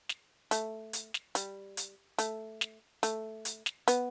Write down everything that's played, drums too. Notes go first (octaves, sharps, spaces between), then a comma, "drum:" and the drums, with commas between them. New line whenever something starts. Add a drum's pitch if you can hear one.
drum: snare
A3, drum: hi-hat
drum: hi-hat
drum: snare
G3, drum: hi-hat
drum: hi-hat
A3, drum: hi-hat
drum: snare
A3, drum: hi-hat
drum: hi-hat
drum: snare
B3, drum: hi-hat